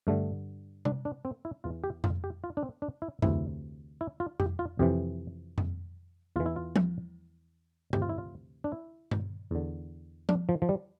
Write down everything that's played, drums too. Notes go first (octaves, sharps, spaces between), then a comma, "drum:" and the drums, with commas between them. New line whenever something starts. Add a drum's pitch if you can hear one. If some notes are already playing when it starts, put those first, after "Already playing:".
G2 D3 A3
D4, drum: tom C3
D4
C4
E4
E2 E3 F4
G4
F4, drum: tom F2
G4
F4
D4
C4
D4
E4
D2 C3 E3 E4, drum: tom F2
E4
F4
G4, drum: tom F2
F4
F2 C3 E3 G4
drum: tom F2
E2 E3 F4
E4
F4
drum: tom F3
D2 C3 E3 G4, drum: tom G2
F4
E4
F4
D4
E4
drum: tom G2
E2 D3
D4, drum: tom F3
F3
F3
G3